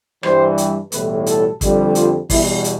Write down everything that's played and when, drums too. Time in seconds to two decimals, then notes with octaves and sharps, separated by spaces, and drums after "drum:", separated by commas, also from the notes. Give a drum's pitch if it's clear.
0.23 G2 E3 G3 C5, drum: rim click
0.58 drum: hi-hat
0.92 B1 A2 E3 G3 B4, drum: hi-hat
1.26 A4, drum: hi-hat
1.61 F2 D3 G3, drum: kick, hi-hat
1.95 F4, drum: hi-hat
2.30 E2 B2 G3 E4, drum: kick, open hi-hat
2.64 drum: hi-hat